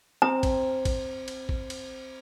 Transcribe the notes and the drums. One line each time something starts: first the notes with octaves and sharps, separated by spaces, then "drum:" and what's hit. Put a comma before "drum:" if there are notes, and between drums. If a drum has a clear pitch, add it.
C4 A#5
drum: kick A1, cymbal
drum: kick A1, cymbal
drum: cymbal
drum: kick A1
drum: cymbal